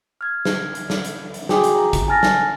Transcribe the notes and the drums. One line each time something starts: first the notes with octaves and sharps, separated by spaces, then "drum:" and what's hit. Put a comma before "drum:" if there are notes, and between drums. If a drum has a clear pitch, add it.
F6 G#6
drum: snare
drum: hi-hat
drum: snare
drum: hi-hat
drum: hi-hat
F#4 G#4 G5 G#5 D6 D#6, drum: snare
drum: hi-hat
A#5
drum: kick G#1, hi-hat
G#5 A5 F6 A6 A#6
drum: snare